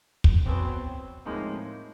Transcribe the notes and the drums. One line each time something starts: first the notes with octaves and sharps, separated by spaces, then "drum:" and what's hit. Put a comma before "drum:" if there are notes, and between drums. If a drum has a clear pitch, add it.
drum: kick
E2 B2 F#3 B3 C4
A2 F3 G#3 A#3 C4 D#4